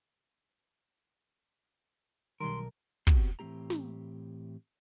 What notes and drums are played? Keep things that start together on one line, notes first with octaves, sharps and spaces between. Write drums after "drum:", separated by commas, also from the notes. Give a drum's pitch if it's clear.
B1 D#3 G3 A#4 C6
B3 C4 F#4 G4 C5, drum: kick
A2 E3 G#3 C4 G4 A#5
drum: snare